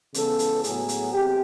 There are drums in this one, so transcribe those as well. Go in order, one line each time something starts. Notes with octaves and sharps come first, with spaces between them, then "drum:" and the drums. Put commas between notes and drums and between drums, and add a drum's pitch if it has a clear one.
C#3 E3 G#3 B3 A4, drum: hi-hat
drum: hi-hat
A2 F#3 B3 G#4, drum: hi-hat
drum: hi-hat
C3 G4